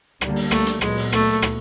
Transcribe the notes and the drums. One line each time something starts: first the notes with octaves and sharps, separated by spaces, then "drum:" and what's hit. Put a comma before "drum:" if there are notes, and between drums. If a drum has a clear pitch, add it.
D3 G3 A#3, drum: rim click
drum: open hi-hat
A3, drum: rim click
drum: hi-hat
A#2 F#3 G#3 B3, drum: rim click
drum: open hi-hat
A3, drum: rim click
drum: rim click